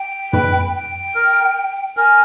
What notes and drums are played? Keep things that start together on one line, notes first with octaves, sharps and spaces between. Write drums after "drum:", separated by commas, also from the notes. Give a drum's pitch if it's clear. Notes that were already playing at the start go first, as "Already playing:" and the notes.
Already playing: G5
B4, drum: tom
G5
A#4
A#4 G#5